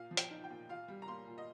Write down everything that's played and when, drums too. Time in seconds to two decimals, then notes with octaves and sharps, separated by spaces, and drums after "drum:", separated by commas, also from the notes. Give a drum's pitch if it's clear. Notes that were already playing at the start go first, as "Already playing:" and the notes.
Already playing: A#2 F5
0.11 F3
0.17 G5, drum: hi-hat
0.31 D#4
0.44 G5
0.50 A#2
0.69 F4 F5
0.88 G3
1.02 A#5
1.08 A#3 C6
1.27 A#2
1.38 D#5